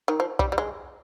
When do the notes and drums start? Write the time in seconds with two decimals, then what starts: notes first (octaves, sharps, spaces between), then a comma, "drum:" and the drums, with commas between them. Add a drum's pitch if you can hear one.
0.08 D#3
0.20 F3
0.39 G3, drum: kick
0.52 G3
0.58 G#3